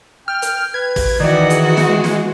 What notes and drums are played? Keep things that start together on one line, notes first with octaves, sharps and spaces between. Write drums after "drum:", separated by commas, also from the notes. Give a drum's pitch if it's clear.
G5 F6
drum: hi-hat
B4 G#6
drum: kick, open hi-hat
D#3 E3 F#4 D5
G#4, drum: hi-hat
drum: snare
G#3
drum: snare